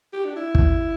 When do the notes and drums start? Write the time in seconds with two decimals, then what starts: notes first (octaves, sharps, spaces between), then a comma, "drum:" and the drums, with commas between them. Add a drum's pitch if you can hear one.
0.13 G4
0.25 D4
0.36 E4
0.55 drum: kick